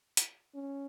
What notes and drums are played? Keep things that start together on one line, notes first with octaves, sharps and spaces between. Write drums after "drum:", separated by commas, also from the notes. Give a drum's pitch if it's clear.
drum: hi-hat
C#4